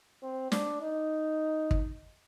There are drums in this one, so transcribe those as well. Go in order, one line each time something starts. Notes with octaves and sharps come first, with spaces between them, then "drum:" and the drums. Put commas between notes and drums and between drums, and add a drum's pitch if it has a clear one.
C4
D4, drum: snare
D#4
drum: kick